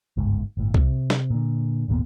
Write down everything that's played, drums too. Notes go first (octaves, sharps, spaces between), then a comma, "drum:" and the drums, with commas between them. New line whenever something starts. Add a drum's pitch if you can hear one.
G1 C#2 G#2
G1 A2
C3, drum: kick C2
drum: snare
A#2 D3
G#1 D#2 A#2 B3